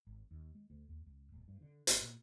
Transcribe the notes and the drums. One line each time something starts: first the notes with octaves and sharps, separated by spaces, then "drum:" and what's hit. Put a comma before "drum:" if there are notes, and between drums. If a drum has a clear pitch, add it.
G#1
D#2
G#3
D2
D#2
C#2
D1
G2
D3
G#1, drum: hi-hat
A#2